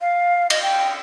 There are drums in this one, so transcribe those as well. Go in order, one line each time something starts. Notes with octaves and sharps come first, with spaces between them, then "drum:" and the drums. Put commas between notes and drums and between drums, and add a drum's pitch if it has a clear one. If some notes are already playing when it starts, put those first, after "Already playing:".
F5
D#5, drum: cymbal
G5